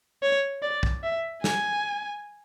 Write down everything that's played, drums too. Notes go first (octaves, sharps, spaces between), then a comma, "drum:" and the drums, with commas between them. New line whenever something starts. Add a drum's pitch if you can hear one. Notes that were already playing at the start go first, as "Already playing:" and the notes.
C#5
D5
drum: kick
E5
G#5, drum: snare